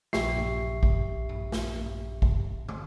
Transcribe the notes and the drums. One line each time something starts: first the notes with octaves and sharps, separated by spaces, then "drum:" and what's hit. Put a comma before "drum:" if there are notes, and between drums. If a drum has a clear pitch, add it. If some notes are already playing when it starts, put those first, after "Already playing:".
A#1 G4 E5 C#6 C7, drum: snare
drum: tom G2
drum: kick
drum: tom G2
drum: snare
drum: tom G2
drum: kick
drum: tom